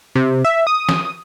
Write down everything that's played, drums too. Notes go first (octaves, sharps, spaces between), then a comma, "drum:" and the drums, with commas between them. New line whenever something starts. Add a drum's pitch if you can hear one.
C3
E5
D#6
drum: snare